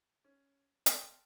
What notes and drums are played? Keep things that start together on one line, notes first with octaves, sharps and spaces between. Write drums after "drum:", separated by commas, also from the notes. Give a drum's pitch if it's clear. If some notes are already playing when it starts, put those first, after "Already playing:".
C#4
G5 A5 C6 E6 F6 A6, drum: hi-hat